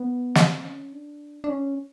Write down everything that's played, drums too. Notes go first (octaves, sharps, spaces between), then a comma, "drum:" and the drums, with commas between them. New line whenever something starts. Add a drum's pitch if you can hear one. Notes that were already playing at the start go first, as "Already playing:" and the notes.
Already playing: B3
C4, drum: snare
C#4
D4
D4
C#4